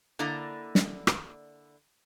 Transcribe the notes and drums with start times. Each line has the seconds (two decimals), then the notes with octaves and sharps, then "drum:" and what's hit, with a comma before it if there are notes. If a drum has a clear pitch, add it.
0.19 D3 A#3 E4 D5 D#5 A#5
0.75 drum: snare
1.07 drum: rim click